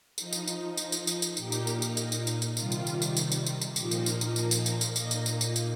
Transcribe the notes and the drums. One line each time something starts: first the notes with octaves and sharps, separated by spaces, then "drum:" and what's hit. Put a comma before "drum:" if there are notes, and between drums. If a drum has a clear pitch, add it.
F3 D#4, drum: tambourine
drum: tambourine
drum: tambourine
drum: tambourine
drum: tambourine
drum: tambourine
drum: tambourine
A#2 A#3 D#4 G4, drum: tambourine
drum: tambourine
drum: tambourine
drum: tambourine
drum: tambourine
drum: tambourine
drum: tambourine
drum: tambourine
C3 D#3 G3 F4, drum: tambourine
drum: tambourine
drum: tambourine
drum: tambourine
drum: tambourine
drum: tambourine
drum: tambourine
drum: tambourine
A#2 F3 A#3 D#4 G4, drum: tambourine
drum: tambourine
drum: tambourine
drum: tambourine
A#4, drum: tambourine
drum: tambourine
A#4, drum: tambourine
drum: tambourine
A#2 A#3 D#4 D#5, drum: tambourine
drum: tambourine
drum: tambourine
drum: tambourine
drum: tambourine